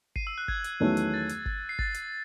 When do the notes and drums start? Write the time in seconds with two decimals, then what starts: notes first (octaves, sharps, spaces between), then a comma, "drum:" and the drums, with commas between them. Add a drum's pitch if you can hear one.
0.16 C7 D#7, drum: kick G#1
0.27 E6
0.38 F#6
0.48 G#6, drum: kick G#1
0.64 drum: hi-hat
0.80 E2 D#3 F#3 A3 C#4
0.97 drum: hi-hat
1.14 A6
1.29 drum: hi-hat
1.46 drum: kick G#1
1.69 C7
1.79 A6, drum: kick G#1
1.94 drum: hi-hat